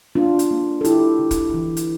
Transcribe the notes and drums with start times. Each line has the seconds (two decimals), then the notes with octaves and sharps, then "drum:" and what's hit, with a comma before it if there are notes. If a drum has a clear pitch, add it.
0.15 A#3 D4 F4
0.39 drum: hi-hat
0.51 A#3
0.81 A4
0.85 D3 E4 G4, drum: hi-hat
1.19 D3
1.31 drum: kick, hi-hat
1.54 E3
1.77 drum: hi-hat